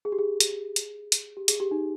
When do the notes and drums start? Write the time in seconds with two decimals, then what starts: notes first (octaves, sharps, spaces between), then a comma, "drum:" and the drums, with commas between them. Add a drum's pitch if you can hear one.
0.05 G#4
0.12 G4
0.19 G#4
0.40 drum: hi-hat
0.76 drum: hi-hat
1.12 drum: hi-hat
1.37 G4
1.48 G#4, drum: hi-hat
1.60 G4
1.71 D#4